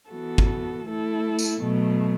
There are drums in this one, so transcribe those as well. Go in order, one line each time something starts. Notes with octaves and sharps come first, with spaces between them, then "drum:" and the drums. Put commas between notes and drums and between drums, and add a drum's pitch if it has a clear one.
E3 B3 F#4 A4
drum: kick
A3 E4 A4
drum: tambourine
B2 F#3 A3